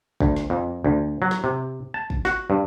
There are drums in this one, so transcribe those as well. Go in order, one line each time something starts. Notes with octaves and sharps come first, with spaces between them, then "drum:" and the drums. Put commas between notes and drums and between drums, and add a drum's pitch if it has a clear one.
D2, drum: kick
drum: snare
F2
D2
F#3
drum: snare
C3
A5
drum: kick
F#4, drum: snare
G2